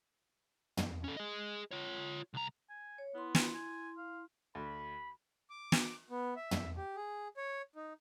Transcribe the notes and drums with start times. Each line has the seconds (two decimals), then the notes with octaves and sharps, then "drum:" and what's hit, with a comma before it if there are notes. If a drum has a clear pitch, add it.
0.77 drum: tom
1.04 C#4 A4
1.17 G#4 D#5
1.71 F4 C#5
2.34 C2 A#5
2.70 G#5
2.98 C#5
3.15 B3 E4 C6
3.35 drum: snare
3.54 G#5
3.98 F5
4.55 D2 B5
5.50 D6
5.72 drum: snare
6.10 B3
6.36 E5
6.51 drum: tom
6.77 G4
6.96 G#4
7.37 C#5
7.76 D#4